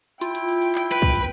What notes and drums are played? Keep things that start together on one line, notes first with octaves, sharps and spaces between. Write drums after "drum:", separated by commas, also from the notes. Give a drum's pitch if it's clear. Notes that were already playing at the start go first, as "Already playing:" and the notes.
E4 F4 G5, drum: hi-hat
drum: hi-hat
drum: open hi-hat
drum: open hi-hat
drum: clap
B4
drum: kick, open hi-hat
drum: hi-hat